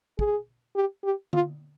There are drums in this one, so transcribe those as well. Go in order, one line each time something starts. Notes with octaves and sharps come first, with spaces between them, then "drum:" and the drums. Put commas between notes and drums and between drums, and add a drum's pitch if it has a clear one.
G#4, drum: kick
G4
G4
F4, drum: tom D3